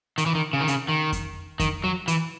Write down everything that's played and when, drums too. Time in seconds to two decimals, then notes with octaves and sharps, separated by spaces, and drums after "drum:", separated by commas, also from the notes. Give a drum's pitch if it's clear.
0.18 D#3, drum: hi-hat
0.26 E3
0.35 D#3
0.53 C#3
0.61 D#3
0.68 C#3, drum: hi-hat
0.89 D#3
1.12 drum: kick F2, hi-hat
1.60 D#3, drum: kick F2, hi-hat
1.84 F#3
2.08 E3, drum: hi-hat